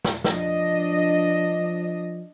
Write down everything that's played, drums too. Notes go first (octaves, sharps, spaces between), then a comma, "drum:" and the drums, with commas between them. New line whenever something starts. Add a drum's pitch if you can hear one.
drum: snare
F3 D4 D#5, drum: snare